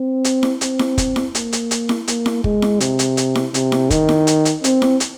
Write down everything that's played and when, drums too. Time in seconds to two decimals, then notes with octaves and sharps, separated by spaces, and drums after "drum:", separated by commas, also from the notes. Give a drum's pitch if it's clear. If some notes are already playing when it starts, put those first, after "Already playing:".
Already playing: C4
0.24 drum: hi-hat
0.43 drum: snare E4
0.61 C4, drum: hi-hat
0.79 drum: snare E4
0.98 drum: kick, hi-hat
1.16 drum: snare E4
1.35 A#3, drum: hi-hat
1.52 drum: hi-hat
1.71 drum: hi-hat
1.89 drum: snare E4
2.08 A#3, drum: hi-hat
2.26 drum: snare E4
2.44 G#3, drum: kick
2.62 drum: snare E4
2.80 C3, drum: hi-hat
2.99 drum: hi-hat
3.17 drum: hi-hat
3.35 drum: snare E4
3.54 C3, drum: hi-hat
3.72 drum: snare E4
3.90 D#3, drum: kick, hi-hat
4.09 drum: snare E4
4.27 drum: hi-hat
4.45 drum: hi-hat
4.64 C4, drum: hi-hat
4.82 drum: snare E4
5.00 drum: hi-hat